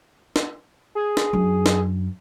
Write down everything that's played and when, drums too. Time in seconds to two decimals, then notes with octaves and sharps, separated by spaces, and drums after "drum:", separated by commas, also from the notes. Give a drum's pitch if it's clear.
0.36 drum: snare
0.95 G#4
1.17 drum: snare
1.33 F#2 D4
1.66 drum: snare